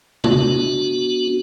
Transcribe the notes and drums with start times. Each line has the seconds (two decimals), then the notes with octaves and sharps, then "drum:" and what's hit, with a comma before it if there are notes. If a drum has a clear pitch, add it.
0.24 B3 D4 F#4, drum: tom